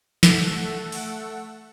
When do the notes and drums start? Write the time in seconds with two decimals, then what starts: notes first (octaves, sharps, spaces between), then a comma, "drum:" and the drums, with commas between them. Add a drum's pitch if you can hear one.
0.23 A3 A4 F#5, drum: snare
0.92 drum: open hi-hat